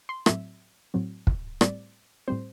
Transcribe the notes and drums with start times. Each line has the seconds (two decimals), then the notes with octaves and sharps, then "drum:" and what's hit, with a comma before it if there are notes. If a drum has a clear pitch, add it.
0.09 C6
0.26 A2 F#3 C4 E5, drum: rim click
0.94 A2 F#3 C4
1.27 drum: kick
1.61 A2 G3 C4 D5, drum: rim click
2.28 A2 G3 C4 C5